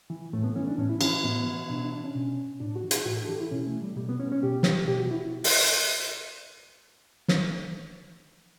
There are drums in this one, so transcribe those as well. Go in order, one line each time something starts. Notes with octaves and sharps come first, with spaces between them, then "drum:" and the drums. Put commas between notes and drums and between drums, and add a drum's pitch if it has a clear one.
E3
A2 A3
B3
E3 C#4
D4
A2 C#4
E4
E3 C#4, drum: cymbal
A2 B3
E3
B2 D4
D4
D4
C#4
B2
A2 D4
F#4
E3
D4, drum: hi-hat
A2 F#4
A4
E3 G4
E4
B2 C#4
A3
G3
B2 G3
B3
C#4
C#4
B2 G4
drum: snare
B2 G4
F#4
E4
drum: open hi-hat
drum: snare